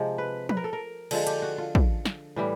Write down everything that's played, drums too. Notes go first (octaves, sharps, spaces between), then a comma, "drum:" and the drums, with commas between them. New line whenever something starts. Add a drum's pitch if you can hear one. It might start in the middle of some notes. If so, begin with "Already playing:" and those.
Already playing: C3 F3 G#3
B4
B4, drum: tom F3
A#4
A4
A#4
D3 F3 G#3 A4, drum: cymbal
G4, drum: hi-hat
F#4
F4
drum: kick
drum: snare
A2 E3 G3